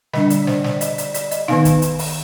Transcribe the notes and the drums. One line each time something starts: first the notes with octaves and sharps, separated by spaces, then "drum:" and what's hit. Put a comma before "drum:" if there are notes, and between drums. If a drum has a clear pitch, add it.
D3 G3 D4 D#5, drum: snare
D5, drum: hi-hat
D5
C5, drum: snare
D5, drum: snare
D#5, drum: hi-hat
D5, drum: hi-hat
D5, drum: hi-hat
D#5, drum: hi-hat
D#3 B3 D#4 F5, drum: snare
drum: kick, hi-hat
drum: hi-hat
drum: open hi-hat